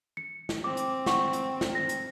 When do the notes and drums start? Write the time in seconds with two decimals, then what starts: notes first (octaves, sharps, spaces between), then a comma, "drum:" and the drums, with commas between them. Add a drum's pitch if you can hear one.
0.17 C#7
0.49 drum: snare
0.64 C4 D6
0.77 drum: hi-hat
1.06 F#5 C#6, drum: snare
1.33 drum: hi-hat
1.61 drum: snare
1.75 A#6
1.89 drum: hi-hat